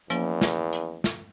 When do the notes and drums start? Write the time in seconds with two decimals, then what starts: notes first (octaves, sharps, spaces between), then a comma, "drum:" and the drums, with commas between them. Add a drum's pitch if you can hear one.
0.10 E2 F3 A#3 C#4, drum: hi-hat
0.41 drum: snare
0.73 drum: hi-hat
1.04 drum: snare